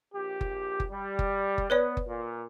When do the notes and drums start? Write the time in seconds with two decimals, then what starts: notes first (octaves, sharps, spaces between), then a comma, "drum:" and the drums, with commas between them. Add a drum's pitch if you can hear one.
0.15 A#1 G4
0.41 drum: kick F#1
0.80 drum: kick F#1
0.91 G3
1.19 drum: kick F#1
1.58 drum: kick F#1
1.70 B3 B4 C#5 D5
1.97 drum: kick F#1
2.08 A#2